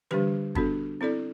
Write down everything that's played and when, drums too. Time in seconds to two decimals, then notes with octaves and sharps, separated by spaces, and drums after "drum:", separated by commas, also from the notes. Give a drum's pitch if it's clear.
0.11 D3 G3 D4 G4 B4, drum: tom E3
0.55 B3 D4 F#4 A4, drum: kick
1.01 C4 E4 A4 D5